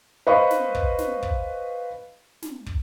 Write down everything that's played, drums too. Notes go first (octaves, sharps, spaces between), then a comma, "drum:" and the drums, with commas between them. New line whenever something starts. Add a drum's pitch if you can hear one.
B4 C5 D#5 F5 B5 C#6
drum: snare
drum: kick
drum: snare
drum: kick
drum: snare
drum: kick